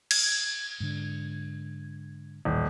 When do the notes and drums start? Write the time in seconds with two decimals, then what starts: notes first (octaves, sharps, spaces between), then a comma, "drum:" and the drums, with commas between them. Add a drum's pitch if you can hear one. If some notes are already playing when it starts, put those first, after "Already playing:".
0.11 G#6, drum: cymbal
0.80 G#2 D3
2.45 D#1 A1 A#2